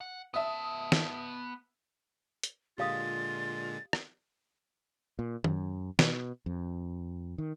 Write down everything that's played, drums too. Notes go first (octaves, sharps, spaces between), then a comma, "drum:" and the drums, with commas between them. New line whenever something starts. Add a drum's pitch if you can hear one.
F#5
B3 E5 A5 D#6
drum: snare
drum: hi-hat
A#2 D3 G#3 F4 G4 F5 D#6 A6
drum: rim click
A#2
F#2, drum: tom D#3
B2, drum: snare
F2
D#3